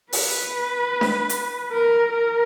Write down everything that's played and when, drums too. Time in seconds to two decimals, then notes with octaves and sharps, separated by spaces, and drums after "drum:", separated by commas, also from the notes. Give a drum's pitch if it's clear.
0.13 B4, drum: open hi-hat
1.01 drum: snare D4
1.29 drum: hi-hat
1.72 A#4
2.12 A#4